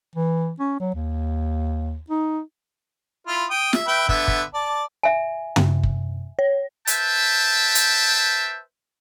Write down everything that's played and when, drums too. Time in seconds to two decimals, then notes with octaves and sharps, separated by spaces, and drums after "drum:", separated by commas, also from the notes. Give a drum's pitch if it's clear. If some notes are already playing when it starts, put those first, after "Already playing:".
0.15 E3
0.59 C#4
0.80 F#3
0.94 D#2
2.10 D#4
3.27 E4 F4
3.50 G5 D#6
3.73 E5, drum: snare
3.87 B4 E5 G5
4.09 D3 B3 E5, drum: kick
4.28 drum: kick
4.54 D5 A5
5.03 E5 G#5
5.56 drum: tom
5.83 drum: kick
6.39 C#5
6.87 B4 C5 E5 G5 A5, drum: hi-hat
7.75 drum: hi-hat